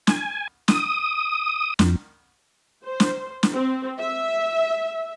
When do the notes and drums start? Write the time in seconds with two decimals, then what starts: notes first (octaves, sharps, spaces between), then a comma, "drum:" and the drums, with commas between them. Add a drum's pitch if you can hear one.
0.07 G#5, drum: snare
0.68 D#6, drum: snare
1.79 F2, drum: snare
2.85 C5
3.00 drum: snare
3.43 drum: snare
3.53 C4
3.98 E5